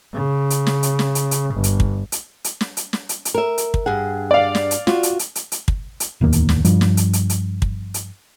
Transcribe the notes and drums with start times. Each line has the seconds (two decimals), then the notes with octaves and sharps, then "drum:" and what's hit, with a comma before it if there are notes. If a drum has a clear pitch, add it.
0.14 C#3
0.50 drum: hi-hat
0.67 drum: snare
0.83 drum: hi-hat
0.99 drum: snare
1.15 drum: hi-hat
1.31 drum: hi-hat
1.55 G1
1.64 drum: hi-hat
1.80 drum: kick
2.12 drum: hi-hat
2.44 drum: hi-hat
2.61 drum: snare
2.77 drum: hi-hat
2.93 drum: snare
3.09 drum: hi-hat
3.25 drum: hi-hat
3.35 A#4 E5
3.58 drum: hi-hat
3.74 drum: kick
3.86 G2 G#4 F#5
4.31 D5 F5
4.55 drum: snare
4.71 drum: hi-hat
4.87 F4 F#4, drum: snare
5.03 drum: hi-hat
5.19 drum: hi-hat
5.35 drum: hi-hat
5.52 drum: hi-hat
5.68 drum: kick
6.00 drum: hi-hat
6.21 D1 E2 D#3 A#3
6.32 drum: hi-hat
6.49 drum: snare
6.65 G2 F3 G3, drum: hi-hat
6.81 drum: snare
6.97 drum: hi-hat
7.13 drum: hi-hat
7.30 drum: hi-hat
7.62 drum: kick
7.94 drum: hi-hat